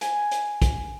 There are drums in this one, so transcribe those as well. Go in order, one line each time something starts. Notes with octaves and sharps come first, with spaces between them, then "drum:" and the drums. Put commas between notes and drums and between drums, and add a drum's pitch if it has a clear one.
G#5, drum: hi-hat
drum: hi-hat
drum: kick, hi-hat